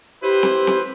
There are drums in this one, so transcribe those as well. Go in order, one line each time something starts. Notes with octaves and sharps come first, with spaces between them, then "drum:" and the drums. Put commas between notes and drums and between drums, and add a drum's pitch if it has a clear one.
E4 G4 B4 C5
drum: snare C4
drum: snare C4